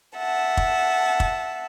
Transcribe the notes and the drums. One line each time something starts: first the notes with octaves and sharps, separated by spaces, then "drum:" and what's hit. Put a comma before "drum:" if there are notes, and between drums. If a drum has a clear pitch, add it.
E5 F#5 A5
drum: kick
drum: kick